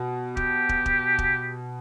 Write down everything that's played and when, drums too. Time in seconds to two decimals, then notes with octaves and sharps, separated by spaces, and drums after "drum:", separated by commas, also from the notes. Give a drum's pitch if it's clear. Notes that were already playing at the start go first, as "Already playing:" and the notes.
Already playing: B2
0.37 G4, drum: kick
0.69 drum: kick
0.86 drum: kick
1.19 drum: kick